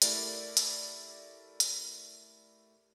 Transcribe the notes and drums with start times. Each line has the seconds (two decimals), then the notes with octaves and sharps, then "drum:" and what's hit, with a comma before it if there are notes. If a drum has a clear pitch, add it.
0.02 A3 E4 G4 A#4 D5, drum: hi-hat
0.57 drum: hi-hat
1.60 drum: hi-hat